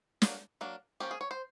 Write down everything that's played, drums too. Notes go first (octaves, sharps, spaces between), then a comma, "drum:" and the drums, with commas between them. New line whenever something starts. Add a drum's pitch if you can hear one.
F#3 A#3 D4, drum: snare
F#3 A#3 D4
F3 A#3 C#4 G4
G#4
C#5
C5